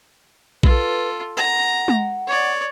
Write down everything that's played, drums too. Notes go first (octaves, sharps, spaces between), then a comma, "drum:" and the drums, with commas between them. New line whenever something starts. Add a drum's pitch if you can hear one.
F4 A4 B4, drum: kick A#1
F#5 A#5
drum: tom G#3
C#5 D5